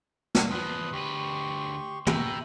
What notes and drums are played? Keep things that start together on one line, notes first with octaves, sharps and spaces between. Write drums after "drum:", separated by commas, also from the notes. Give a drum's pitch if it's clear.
drum: snare
E2 F3 B4 C6 D#6
D2 G4 B4 C6 C#6
B2 E5 G5 A#5, drum: tom